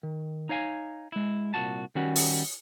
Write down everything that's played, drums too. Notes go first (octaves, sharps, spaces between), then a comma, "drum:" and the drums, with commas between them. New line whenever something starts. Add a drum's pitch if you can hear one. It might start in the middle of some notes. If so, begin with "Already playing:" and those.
D#3
D#4 C#5 F5 G#5
G#3 E4
C2 A#2 F#4 A5
D#3 G3 C#4 F#4
drum: open hi-hat